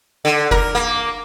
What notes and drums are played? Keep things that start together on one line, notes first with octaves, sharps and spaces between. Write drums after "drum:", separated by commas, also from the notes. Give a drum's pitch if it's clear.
D3
A#4, drum: kick F1
A#3